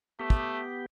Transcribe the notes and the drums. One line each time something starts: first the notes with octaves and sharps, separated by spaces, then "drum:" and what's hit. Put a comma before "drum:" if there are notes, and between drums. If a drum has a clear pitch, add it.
A3 B3 G4
drum: kick